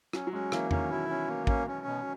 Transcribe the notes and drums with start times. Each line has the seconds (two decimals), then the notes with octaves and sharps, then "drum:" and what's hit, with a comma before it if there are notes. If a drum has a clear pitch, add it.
0.13 F#3 C#4, drum: rim click
0.27 F#3
0.33 G#3 C#4
0.52 E3 A#3, drum: rim click
0.71 D#3 C#4, drum: tom E2
0.90 B2 E4
1.09 C#4
1.28 A#3
1.47 C#4, drum: kick
1.67 C#4
1.86 B2